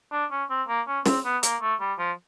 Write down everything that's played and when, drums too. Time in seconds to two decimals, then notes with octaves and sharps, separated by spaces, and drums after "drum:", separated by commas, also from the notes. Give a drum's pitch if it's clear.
0.12 D4
0.31 C#4
0.50 C4
0.68 A#3
0.87 C#4
1.06 C4, drum: snare
1.25 B3
1.43 A#3, drum: hi-hat
1.62 A3
1.80 G3
1.99 F3